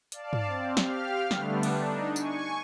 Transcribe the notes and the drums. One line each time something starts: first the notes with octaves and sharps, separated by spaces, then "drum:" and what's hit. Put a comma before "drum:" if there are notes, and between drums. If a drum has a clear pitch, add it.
D5 F5 A5, drum: hi-hat
drum: tom
C4
G4 F5 F6, drum: snare
D3 G3 A3 B3 D4, drum: snare
drum: cymbal
D4 D#4
G#5 C#6, drum: tambourine